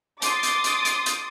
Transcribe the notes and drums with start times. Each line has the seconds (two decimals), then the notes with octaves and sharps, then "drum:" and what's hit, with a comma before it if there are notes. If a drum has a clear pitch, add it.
0.22 C6 D6 D#6 A6, drum: hi-hat
0.43 drum: hi-hat
0.64 drum: hi-hat
0.85 drum: hi-hat
1.06 drum: hi-hat